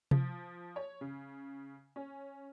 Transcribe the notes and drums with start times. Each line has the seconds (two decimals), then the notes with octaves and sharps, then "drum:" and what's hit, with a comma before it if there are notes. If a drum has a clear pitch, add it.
0.11 F3, drum: tom C3
0.76 C#5
1.01 C#3
1.96 C#4